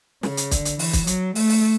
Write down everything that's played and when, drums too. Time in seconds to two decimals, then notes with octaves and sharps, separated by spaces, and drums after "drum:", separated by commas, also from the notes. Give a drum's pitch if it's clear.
0.23 C#3, drum: snare
0.37 drum: hi-hat
0.51 D3, drum: kick, hi-hat
0.65 drum: hi-hat
0.79 E3, drum: open hi-hat
0.93 drum: kick, hi-hat
1.07 F#3, drum: hi-hat
1.35 A3, drum: open hi-hat
1.49 drum: open hi-hat